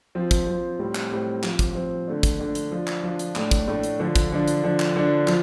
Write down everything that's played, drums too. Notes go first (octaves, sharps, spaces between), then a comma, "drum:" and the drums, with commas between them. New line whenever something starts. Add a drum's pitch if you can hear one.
F3 C4
drum: kick, hi-hat
F3 C4
A2 G3 C4
drum: clap
A2 G3 C4
F3 C4, drum: clap
drum: kick, hi-hat
F3 C4
D3 A3 D4
drum: kick, hi-hat
D3 A3 D4
drum: hi-hat
F3 D4
drum: clap
F3 D4
drum: hi-hat
A2 A3 D4, drum: clap
drum: kick, hi-hat
A2 A3 D4
drum: hi-hat
D3 F3 D4
drum: kick, hi-hat
D3 F3 D4
drum: hi-hat
D3 F3 D4
drum: clap
D3 F3 D4
F3, drum: clap